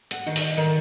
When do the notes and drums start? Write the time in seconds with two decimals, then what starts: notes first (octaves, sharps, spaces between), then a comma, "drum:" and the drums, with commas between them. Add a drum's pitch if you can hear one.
0.11 F#5, drum: hi-hat
0.26 D#3
0.36 drum: open hi-hat
0.57 D#3